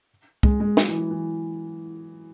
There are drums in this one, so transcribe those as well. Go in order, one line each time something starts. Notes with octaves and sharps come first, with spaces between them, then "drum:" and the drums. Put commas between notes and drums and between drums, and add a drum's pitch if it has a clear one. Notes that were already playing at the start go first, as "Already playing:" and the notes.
G#3, drum: kick C2
G#3
F#3, drum: snare
E3
E3
E3